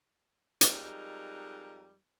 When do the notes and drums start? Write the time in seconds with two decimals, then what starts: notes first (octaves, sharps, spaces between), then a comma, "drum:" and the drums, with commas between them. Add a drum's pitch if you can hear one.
0.61 F2 G3 G#3 D#4 A#4, drum: hi-hat